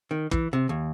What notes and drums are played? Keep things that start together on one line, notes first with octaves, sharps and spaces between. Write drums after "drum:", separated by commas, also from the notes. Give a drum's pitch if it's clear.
D#3
E3, drum: kick
C3
D#2